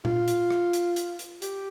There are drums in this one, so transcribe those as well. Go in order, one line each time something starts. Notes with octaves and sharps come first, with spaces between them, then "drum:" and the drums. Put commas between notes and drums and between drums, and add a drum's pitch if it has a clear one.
F4, drum: tom A#2
drum: hi-hat
drum: rim click
drum: hi-hat
drum: hi-hat
drum: hi-hat
G4, drum: hi-hat